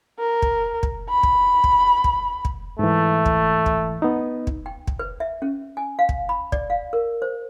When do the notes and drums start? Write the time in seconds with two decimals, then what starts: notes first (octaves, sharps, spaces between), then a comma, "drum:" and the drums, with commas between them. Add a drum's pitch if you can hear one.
0.19 A#4
0.42 drum: kick
0.83 drum: kick
1.09 B5
1.23 drum: kick
1.64 drum: kick
2.04 drum: kick
2.45 drum: kick
2.79 G#2 E3 A3
3.26 drum: kick
3.66 drum: kick
4.02 B3 D#4
4.47 drum: kick
4.66 G5
4.87 drum: kick
4.99 B4
5.20 E5
5.42 C#4
5.77 G#5
5.99 F5
6.09 drum: kick
6.29 B5
6.52 D5, drum: kick
6.70 F5
6.93 A#4
7.22 C5